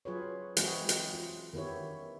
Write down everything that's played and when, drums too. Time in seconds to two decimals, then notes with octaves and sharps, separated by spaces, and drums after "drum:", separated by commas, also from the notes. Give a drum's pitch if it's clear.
0.05 F#3 F4 G#4 B4 C#5
0.57 E3 G#3 C4 E4 F#4 G#4, drum: hi-hat
0.89 drum: hi-hat
1.14 F4
1.53 D#3 B3 E4 G4 C#5